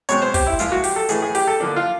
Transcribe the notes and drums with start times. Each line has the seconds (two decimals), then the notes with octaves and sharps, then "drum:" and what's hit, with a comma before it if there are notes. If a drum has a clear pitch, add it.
0.09 B2 G#3 C4 C#5, drum: hi-hat
0.22 C5
0.34 G4, drum: kick, open hi-hat
0.46 E4
0.59 A#2 F3 G#3 F4, drum: hi-hat
0.72 F#4
0.84 G4, drum: open hi-hat
0.96 A4
1.09 A2 E3 A3 G#4, drum: hi-hat
1.22 G#4
1.35 G4, drum: open hi-hat
1.48 A4
1.60 D3 F3 A#3 D4
1.76 F4